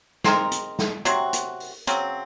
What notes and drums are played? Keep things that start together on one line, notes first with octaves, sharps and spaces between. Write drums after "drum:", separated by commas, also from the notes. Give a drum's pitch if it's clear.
G#3 C4 D#4 A#4, drum: snare
drum: hi-hat
drum: snare
C3 F#3 C4 F#4, drum: hi-hat
drum: hi-hat
drum: open hi-hat
C#3 F#3 C4, drum: hi-hat